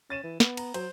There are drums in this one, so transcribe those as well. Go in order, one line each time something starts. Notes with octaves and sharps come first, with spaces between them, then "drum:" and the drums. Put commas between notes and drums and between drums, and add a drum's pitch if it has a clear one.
C#4 A6 D#7 E7
E3
B3, drum: snare
A#5, drum: cymbal
F#3 C5, drum: cymbal